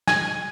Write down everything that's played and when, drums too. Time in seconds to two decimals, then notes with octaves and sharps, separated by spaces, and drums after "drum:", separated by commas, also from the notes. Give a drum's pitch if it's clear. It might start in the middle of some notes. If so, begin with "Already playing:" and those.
0.08 G#5, drum: snare